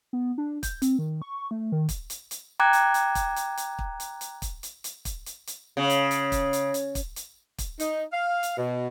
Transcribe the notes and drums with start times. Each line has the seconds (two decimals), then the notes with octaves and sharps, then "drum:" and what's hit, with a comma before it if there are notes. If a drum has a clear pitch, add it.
0.13 B3
0.38 D4
0.63 G6, drum: kick, hi-hat
0.82 C4, drum: hi-hat
0.99 D#3
1.22 C#6
1.51 A3
1.72 D#3
1.89 drum: kick, hi-hat
2.10 drum: hi-hat
2.31 drum: hi-hat
2.60 G5 A#5 D6 F#6 G#6
2.73 drum: hi-hat
2.94 drum: hi-hat
3.15 drum: kick, hi-hat
3.36 drum: hi-hat
3.57 drum: hi-hat
3.79 drum: kick
4.00 drum: hi-hat
4.21 drum: hi-hat
4.42 drum: kick, hi-hat
4.63 drum: hi-hat
4.84 drum: hi-hat
5.05 drum: kick, hi-hat
5.26 drum: hi-hat
5.47 drum: hi-hat
5.77 C#3
5.90 drum: hi-hat
6.11 drum: hi-hat
6.32 drum: kick, hi-hat
6.53 drum: hi-hat
6.74 drum: hi-hat
6.95 drum: kick, hi-hat
7.16 drum: hi-hat
7.58 drum: kick, hi-hat
7.80 D#4, drum: hi-hat
8.13 F5
8.43 drum: hi-hat
8.57 B2